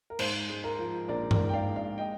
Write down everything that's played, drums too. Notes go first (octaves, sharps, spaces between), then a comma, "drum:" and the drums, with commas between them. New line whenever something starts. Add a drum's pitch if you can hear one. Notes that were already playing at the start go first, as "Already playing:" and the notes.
A#4
G#2 C5, drum: cymbal
G#3
A#4
F3
A#1 A#4 D5
A#4 D5, drum: tom G2
G#2
G5
D5 F5
G#3
D5 F5
D#5 G5